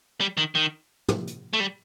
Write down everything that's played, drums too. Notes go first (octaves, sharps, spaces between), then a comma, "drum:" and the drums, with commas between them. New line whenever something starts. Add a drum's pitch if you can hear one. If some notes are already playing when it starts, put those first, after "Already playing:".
G3
D#3
D#3
drum: tom
drum: hi-hat
A3
G3